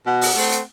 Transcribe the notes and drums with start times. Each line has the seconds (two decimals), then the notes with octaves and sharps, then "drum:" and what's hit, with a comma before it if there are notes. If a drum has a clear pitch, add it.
0.07 B2 F#5
0.21 drum: open hi-hat
0.36 A3 C4
0.51 drum: hi-hat